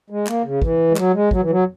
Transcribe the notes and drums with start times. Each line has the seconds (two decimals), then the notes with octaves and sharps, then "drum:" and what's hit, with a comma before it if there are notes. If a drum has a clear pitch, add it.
0.10 G#3
0.27 A#3, drum: clap
0.44 C#3
0.62 E3, drum: kick
0.92 G#3
0.96 F#3, drum: clap
1.13 G#3
1.31 F#3, drum: kick
1.41 E3
1.51 F#3